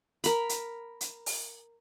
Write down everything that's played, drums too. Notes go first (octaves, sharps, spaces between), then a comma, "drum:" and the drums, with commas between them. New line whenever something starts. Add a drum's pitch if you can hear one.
A#4 B5, drum: hi-hat
drum: hi-hat
drum: hi-hat
drum: open hi-hat